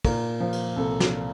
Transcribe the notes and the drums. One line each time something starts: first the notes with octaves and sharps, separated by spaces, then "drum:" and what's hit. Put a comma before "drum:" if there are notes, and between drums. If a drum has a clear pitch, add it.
A#2 A#4, drum: kick, cymbal
F3
drum: cymbal
C2 A4
drum: snare